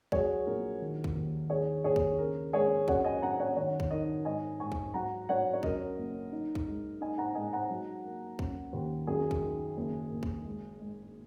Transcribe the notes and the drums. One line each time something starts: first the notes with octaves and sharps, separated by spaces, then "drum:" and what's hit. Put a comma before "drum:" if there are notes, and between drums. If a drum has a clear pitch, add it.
F#3 G#4 C#5, drum: kick
A#1 A#4
D#3
drum: kick
D#2
D#3 G#4 C#5
D#2 G#4 C#5
drum: kick
C#3 A#4
G#3 G#4 C#5
F#2 C#5 F#5, drum: kick
D#5 G#5
F#2 F#5 A#5
C#5 F#5
D#3 C#5 F#5
drum: kick
D#4 A#4 D#5
G#2 D#5 G#5
G#2 G#5 C#6
drum: kick
F#3 F#5 A#5
F#3 C#5 F#5
C#5
F#2 A#4 D#5, drum: kick
F#1
D#4
drum: kick
G#3
D#4 D#5 G#5
F#5 A#5
G#3 D#5 G#5
F#5 A#5
F#3
A#3
C#4, drum: kick
D#2
F#2 G#4
drum: kick
D#3
F#1
F#1
drum: kick
G#3
G#3